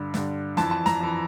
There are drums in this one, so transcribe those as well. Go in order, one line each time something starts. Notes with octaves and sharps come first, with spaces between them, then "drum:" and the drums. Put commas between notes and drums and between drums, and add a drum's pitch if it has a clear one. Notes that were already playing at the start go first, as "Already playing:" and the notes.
Already playing: G2 D3
G2 D3, drum: snare
F2 E3 A5, drum: snare
A5
A#5, drum: snare
F2 E3